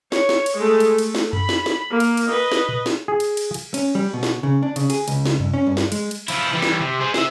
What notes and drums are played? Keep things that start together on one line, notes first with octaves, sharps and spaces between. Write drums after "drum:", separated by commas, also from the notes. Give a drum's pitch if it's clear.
C#5, drum: snare
drum: snare
drum: cymbal
G#3 A3
drum: cymbal
A3, drum: cymbal
drum: snare
B5, drum: tom F2
drum: snare
drum: snare
A#3
drum: cymbal
drum: cymbal
B4 D#5
drum: snare
drum: tom A#2
drum: snare
G#4
drum: cymbal
drum: cymbal
drum: cymbal
C#4, drum: cymbal
G3
B2
drum: snare
C#3
D4
C#3, drum: cymbal
G#4, drum: cymbal
C#2, drum: cymbal
drum: snare
C2, drum: tom F2
C#4
G2
drum: snare
G#3, drum: cymbal
drum: cymbal
F3 E4, drum: cymbal
E3 G3
drum: snare
C3, drum: tom
G#4 C5
C5 E5, drum: snare